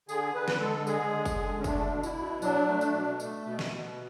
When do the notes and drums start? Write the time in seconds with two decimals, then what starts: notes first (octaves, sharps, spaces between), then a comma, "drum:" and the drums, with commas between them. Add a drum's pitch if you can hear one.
0.09 D3 G#4, drum: tambourine
0.35 D3 B4
0.48 drum: snare
0.60 G#3 A4
0.87 G#3 G#4, drum: tambourine
1.13 D3
1.25 drum: kick, tambourine
1.38 D3
1.60 C#4
1.64 A3 D4, drum: kick, tambourine
1.91 B2
2.03 E4, drum: tambourine
2.17 B2
2.42 F#3 D4, drum: tambourine
2.68 A3
2.81 drum: tambourine
2.94 B2
3.20 A3, drum: tambourine
3.46 B2
3.59 drum: snare
3.72 B2